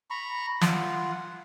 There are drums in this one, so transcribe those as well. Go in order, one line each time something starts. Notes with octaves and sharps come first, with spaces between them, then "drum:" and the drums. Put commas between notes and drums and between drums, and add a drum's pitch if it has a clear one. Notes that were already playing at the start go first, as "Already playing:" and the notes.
A#5 B5 C#6
F4 F#5, drum: snare